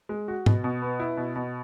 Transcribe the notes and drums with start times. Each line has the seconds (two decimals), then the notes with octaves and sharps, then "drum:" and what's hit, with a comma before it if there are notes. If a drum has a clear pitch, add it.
0.09 G#3
0.28 F#4
0.46 B2, drum: tom G#2
0.64 B2
0.82 B3
1.00 E4
1.17 B2
1.36 B2